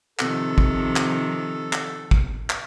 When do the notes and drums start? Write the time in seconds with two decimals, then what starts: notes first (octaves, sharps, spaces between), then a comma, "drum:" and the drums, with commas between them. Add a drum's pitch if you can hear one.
0.19 C3 D#3 F3 A4, drum: clap
0.58 drum: kick
0.96 drum: clap
1.73 drum: clap
2.11 drum: kick
2.50 drum: clap